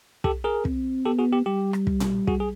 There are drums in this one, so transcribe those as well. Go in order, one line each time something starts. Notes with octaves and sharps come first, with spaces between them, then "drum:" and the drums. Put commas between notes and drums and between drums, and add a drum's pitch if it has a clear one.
G4 A4, drum: kick
G#4 A#4
C4, drum: kick
B3 G4 A4
F#4 G#4
G4
G3 G4
drum: rim click
drum: kick
drum: tom A#2
F#4 G#4, drum: kick
G#4